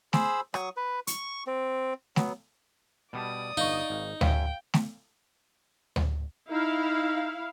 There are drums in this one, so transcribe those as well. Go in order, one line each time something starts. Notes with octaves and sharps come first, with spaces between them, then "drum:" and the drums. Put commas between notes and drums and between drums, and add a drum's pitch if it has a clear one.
G#4 C5 B5 E6, drum: snare A3
F#3 C#6 D#6, drum: rim click
B4
C#6, drum: hi-hat
C4
F#3 B3, drum: snare A3
B2 G3 D5 A5 D#6
G1 D#4 F5 C#6
G#1
F#2 C#4 E5 F5 G5, drum: tom D2
drum: snare A3
drum: tom D2
D#4 E4 F5